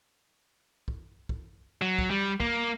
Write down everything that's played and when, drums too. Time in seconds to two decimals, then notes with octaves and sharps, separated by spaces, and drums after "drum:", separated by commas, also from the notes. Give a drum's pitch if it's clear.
0.88 drum: kick
1.29 drum: kick
1.82 F#3
1.99 drum: kick
2.10 G3
2.40 A#3, drum: kick